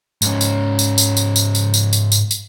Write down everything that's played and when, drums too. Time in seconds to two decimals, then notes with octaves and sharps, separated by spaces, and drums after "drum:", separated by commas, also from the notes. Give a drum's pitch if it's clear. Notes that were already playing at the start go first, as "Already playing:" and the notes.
0.22 G#2 C#4, drum: tambourine
0.41 drum: tambourine
0.79 drum: tambourine
0.98 drum: tambourine
1.17 drum: tambourine
1.36 drum: tambourine
1.55 drum: tambourine
1.74 drum: tambourine
1.93 drum: tambourine
2.12 drum: tambourine
2.31 drum: tambourine